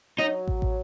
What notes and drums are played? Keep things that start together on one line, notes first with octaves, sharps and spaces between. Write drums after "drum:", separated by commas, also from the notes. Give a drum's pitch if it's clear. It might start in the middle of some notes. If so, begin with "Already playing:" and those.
F#3 D#4
drum: kick
drum: kick